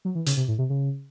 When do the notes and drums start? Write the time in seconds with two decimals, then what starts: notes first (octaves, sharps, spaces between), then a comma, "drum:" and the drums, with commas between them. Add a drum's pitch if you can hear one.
0.05 F#3
0.15 E3
0.26 C#3, drum: hi-hat
0.37 C3
0.48 A2
0.58 C3
0.70 C#3